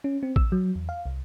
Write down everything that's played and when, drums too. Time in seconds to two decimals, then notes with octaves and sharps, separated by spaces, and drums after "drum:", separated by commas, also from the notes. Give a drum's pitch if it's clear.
0.04 C#4
0.23 C4
0.36 E6, drum: kick A1
0.52 F#3
0.76 E2
0.89 F5
1.06 C2